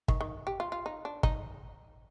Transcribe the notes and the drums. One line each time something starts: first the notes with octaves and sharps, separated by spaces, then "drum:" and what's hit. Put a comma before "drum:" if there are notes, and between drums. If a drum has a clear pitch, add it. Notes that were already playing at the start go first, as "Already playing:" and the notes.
D#3, drum: kick
D#3
G4
F4
F4
D#4
D4
D#4, drum: kick